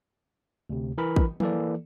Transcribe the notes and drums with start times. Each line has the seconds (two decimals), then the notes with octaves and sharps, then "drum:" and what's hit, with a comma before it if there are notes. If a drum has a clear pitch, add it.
0.70 D2 C3
0.98 E3 A#4 B5
1.16 drum: kick
1.40 E3 A#3 A4 D5, drum: tom F3